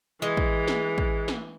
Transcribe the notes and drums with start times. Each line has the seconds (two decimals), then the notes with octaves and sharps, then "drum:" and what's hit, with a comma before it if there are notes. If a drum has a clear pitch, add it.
0.22 E3 G#3
0.37 drum: kick
0.68 drum: snare
0.98 drum: kick
1.28 drum: snare